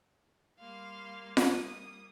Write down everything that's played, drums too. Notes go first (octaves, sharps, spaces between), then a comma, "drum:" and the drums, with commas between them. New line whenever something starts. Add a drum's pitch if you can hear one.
G3 A#3 F5 C6
D#6, drum: snare F4